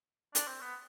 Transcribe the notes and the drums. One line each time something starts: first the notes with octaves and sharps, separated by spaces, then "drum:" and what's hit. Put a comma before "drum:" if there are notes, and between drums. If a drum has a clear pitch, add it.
D4, drum: hi-hat
C4
B3